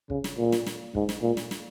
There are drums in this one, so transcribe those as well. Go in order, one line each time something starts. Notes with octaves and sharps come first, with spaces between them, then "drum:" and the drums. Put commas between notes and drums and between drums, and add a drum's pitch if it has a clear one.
C#3, drum: kick
drum: snare
A#2
drum: snare
drum: snare
G#2, drum: kick
drum: snare
A#2
drum: snare
drum: snare